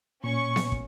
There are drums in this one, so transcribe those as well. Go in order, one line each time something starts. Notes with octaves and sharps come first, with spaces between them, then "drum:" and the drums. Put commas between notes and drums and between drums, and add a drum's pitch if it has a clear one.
A#2 C#4 C#6
drum: snare B3
drum: kick